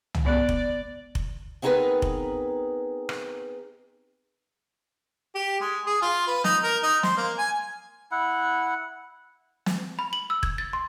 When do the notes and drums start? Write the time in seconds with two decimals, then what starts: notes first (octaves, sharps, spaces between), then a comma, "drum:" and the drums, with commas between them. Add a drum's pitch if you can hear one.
0.14 drum: tom
0.25 G#3 B3 D5 F#6
0.49 drum: kick F1
1.15 drum: kick F1
1.62 B3 C4 D#4 G#4 A#4 B4
2.02 drum: kick F1
3.09 drum: rim click
5.35 G4
5.61 G#3
5.87 G#4
6.02 F4
6.27 B4
6.44 D#4, drum: snare
6.63 A#4
6.83 D#4
7.03 C5, drum: snare
7.17 A#3
7.38 G#5
8.11 E4 F#5
9.66 drum: snare
9.99 B5
10.13 F#7
10.30 E6
10.43 G#6, drum: kick F1
10.58 A6
10.73 C6